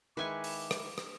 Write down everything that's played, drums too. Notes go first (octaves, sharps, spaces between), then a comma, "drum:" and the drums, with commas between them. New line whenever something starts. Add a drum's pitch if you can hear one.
D#3 G#3 E4 B4 G#5 C#6 D6
drum: open hi-hat
drum: rim click
drum: rim click